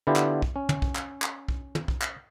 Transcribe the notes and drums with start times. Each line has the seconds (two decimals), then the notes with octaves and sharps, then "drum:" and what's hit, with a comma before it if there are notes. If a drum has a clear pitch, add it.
0.07 D3 B3 E4 F4 G4
0.16 drum: clap
0.42 drum: kick B1
0.56 C#4
0.69 drum: tom
0.82 drum: kick B1
0.95 drum: clap
1.22 drum: clap
1.49 drum: kick B1
1.75 drum: tom
1.88 drum: kick B1
2.02 drum: clap